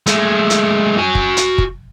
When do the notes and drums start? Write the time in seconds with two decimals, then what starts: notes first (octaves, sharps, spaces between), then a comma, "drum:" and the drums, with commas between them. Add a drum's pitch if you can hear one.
0.06 G#3 A3, drum: hi-hat
0.50 drum: hi-hat
0.98 F#4 G#5
1.15 drum: kick
1.37 drum: hi-hat
1.58 drum: kick